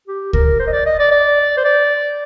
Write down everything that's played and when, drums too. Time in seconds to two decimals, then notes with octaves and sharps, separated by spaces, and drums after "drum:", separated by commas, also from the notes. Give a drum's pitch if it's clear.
0.07 G4
0.33 A#4, drum: kick C#2
0.60 C5
0.67 D#5
0.72 D5
0.86 D#5
1.00 D5
1.11 D5
1.57 C5
1.65 D5